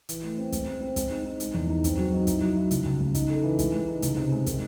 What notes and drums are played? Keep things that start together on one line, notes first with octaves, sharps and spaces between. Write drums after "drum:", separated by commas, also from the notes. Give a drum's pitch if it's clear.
E3, drum: hi-hat
A3
C4
G#3, drum: kick, hi-hat
C4
C4
G#3, drum: kick, hi-hat
D#4
D#4
G#3, drum: hi-hat
E2
D#4
C4, drum: kick, hi-hat
F#3
D#4
E4, drum: kick, hi-hat
F#3
E4
C#2, drum: hi-hat
C#2
C#2
D#4, drum: kick, hi-hat
A4
E3
G#3, drum: kick, hi-hat
G#3
D#4
C#2, drum: hi-hat
C3
G#3
D#3, drum: kick, hi-hat